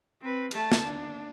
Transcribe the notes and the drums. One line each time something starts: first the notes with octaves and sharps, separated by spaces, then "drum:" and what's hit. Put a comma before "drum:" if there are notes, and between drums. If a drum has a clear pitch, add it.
C4 B4
A3 A5, drum: cymbal
drum: snare
D4